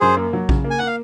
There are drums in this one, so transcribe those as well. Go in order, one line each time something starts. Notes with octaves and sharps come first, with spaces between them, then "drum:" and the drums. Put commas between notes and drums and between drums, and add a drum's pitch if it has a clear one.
F#2 G#4 C5
A#3
F#3
C#3, drum: kick A#1
A#3
G#5
A#3 F#5
F5